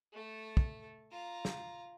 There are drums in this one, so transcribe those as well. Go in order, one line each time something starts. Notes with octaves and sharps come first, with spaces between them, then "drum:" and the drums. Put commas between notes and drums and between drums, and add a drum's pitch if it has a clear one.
A3 A4
drum: kick
F4 A#5
drum: snare